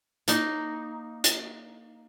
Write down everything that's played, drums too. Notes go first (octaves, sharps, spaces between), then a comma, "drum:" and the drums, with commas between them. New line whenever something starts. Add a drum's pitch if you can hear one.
A#3 D#4, drum: hi-hat
drum: hi-hat